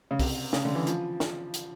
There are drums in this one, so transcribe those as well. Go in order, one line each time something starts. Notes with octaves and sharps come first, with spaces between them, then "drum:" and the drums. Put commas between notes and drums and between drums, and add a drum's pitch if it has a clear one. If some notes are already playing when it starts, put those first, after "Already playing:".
C#3
C3, drum: kick, open hi-hat
C#3, drum: snare
D3
E3
F3, drum: hi-hat
drum: snare
drum: hi-hat